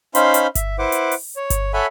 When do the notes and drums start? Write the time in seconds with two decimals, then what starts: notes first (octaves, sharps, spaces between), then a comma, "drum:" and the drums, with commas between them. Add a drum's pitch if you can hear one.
0.15 C#4 D#4 C5 F5 B5 C6, drum: hi-hat
0.34 drum: hi-hat
0.55 E5, drum: kick G1, hi-hat
0.79 E4 B4 C5 F#5 D6
0.92 drum: hi-hat
1.12 drum: open hi-hat
1.36 C#5
1.50 drum: kick G1, hi-hat
1.73 A4 C#5 E5 F#5 G#5 B5